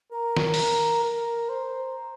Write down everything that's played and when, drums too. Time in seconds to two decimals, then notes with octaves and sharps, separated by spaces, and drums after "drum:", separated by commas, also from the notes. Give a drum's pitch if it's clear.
0.12 A#4 A#5
0.37 drum: snare
0.54 drum: open hi-hat
1.03 A#4
1.48 C5 A#5